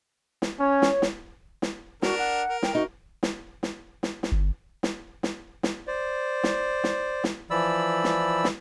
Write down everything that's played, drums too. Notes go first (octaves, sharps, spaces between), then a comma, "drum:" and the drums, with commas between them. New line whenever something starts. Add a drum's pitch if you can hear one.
drum: snare
C#4 C#5
drum: snare
drum: snare
drum: snare
D4 F#4 A#4, drum: snare
F#5
A#4
G5, drum: snare
D#4 F#4
drum: snare
drum: snare
drum: snare
drum: snare
G1
drum: snare
drum: snare
drum: snare
C5 D5
drum: snare
drum: snare
drum: snare
E3 F3 D5 B5 E6
drum: snare
drum: snare